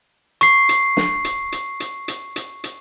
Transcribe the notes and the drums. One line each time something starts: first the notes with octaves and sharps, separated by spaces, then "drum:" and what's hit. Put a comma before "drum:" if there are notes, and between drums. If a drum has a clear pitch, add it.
C#6 C7, drum: hi-hat
drum: hi-hat
drum: snare
drum: hi-hat
drum: hi-hat
drum: hi-hat
drum: hi-hat
drum: hi-hat
drum: hi-hat